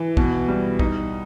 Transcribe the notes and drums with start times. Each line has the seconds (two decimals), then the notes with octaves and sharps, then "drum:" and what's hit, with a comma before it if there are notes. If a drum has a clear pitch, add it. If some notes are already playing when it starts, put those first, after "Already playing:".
Already playing: E3
0.17 B2, drum: kick
0.48 G3
0.79 D#4, drum: kick